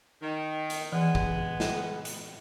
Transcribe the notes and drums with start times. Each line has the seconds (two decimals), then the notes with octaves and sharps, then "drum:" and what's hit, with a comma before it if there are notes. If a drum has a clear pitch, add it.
0.21 D#3
0.70 drum: hi-hat
0.92 E3 G#3 B3
1.15 drum: kick A1
1.60 drum: snare
2.05 drum: hi-hat